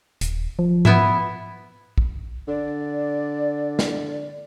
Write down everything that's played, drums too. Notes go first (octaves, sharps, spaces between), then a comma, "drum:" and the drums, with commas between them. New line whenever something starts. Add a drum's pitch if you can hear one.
D#1, drum: hi-hat
F3
B3 E4 E5, drum: tom G#2
drum: kick
D3 D5
drum: snare